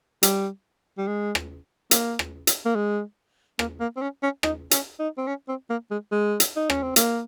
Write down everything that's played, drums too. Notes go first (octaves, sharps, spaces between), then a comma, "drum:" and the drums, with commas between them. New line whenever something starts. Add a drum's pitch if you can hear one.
G3, drum: hi-hat
G3
G#3
drum: rim click
A#3, drum: hi-hat
drum: rim click
drum: hi-hat
A#3
G#3
A#3, drum: rim click
A#3
C4
C#4
C#4
D#4, drum: rim click
C#4, drum: hi-hat
D#4
C4
C#4
C4
A#3
G#3
G#3
drum: hi-hat
D#4
C#4, drum: rim click
C4
A#3, drum: hi-hat